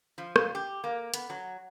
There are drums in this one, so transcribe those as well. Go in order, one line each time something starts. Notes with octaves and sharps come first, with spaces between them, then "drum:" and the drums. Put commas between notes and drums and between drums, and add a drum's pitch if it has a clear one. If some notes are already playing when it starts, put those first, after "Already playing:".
F3
F2, drum: rim click
G4
A#3
B3, drum: hi-hat
F#3